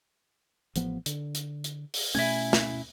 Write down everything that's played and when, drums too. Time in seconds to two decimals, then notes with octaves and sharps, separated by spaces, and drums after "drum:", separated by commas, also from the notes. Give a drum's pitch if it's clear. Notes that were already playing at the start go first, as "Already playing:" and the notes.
0.76 A1 F3 B3, drum: hi-hat
1.06 D3, drum: hi-hat
1.35 drum: hi-hat
1.64 drum: hi-hat
1.94 drum: open hi-hat
2.15 B2 A3 C#4 E4 G#5
2.53 drum: snare